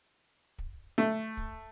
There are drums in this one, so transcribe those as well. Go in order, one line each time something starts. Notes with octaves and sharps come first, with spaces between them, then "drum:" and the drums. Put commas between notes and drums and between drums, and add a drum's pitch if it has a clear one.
drum: kick
A3
drum: kick